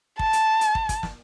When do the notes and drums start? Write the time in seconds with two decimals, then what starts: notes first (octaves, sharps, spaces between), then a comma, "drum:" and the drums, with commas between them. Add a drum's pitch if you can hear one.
0.19 A5, drum: kick
0.33 drum: hi-hat
0.61 drum: hi-hat
0.75 drum: kick
0.89 drum: kick, hi-hat
1.03 drum: snare